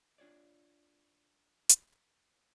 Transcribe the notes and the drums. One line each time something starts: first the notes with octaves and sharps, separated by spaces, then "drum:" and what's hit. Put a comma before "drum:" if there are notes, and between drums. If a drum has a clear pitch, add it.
D4 F4 C#5 D5
drum: hi-hat